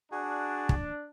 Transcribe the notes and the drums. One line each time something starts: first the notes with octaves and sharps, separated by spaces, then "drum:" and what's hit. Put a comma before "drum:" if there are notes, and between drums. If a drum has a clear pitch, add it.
D4 F#4 G#4
drum: kick